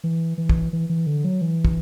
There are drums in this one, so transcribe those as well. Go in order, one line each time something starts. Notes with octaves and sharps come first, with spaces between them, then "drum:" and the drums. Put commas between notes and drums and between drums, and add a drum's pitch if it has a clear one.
E3
E3
drum: kick
E3
E3
D3
F#3
E3
drum: kick